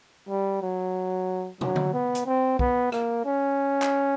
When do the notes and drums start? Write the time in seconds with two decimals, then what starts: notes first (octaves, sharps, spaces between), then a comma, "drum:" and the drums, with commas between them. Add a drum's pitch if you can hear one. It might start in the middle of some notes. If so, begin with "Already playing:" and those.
0.29 G3
0.62 F#3
1.61 F#3, drum: tom
1.76 drum: tom D3
1.93 B3
2.15 drum: hi-hat
2.26 C4
2.59 B3, drum: kick
2.92 A#3, drum: rim click
3.26 C#4
3.82 drum: clap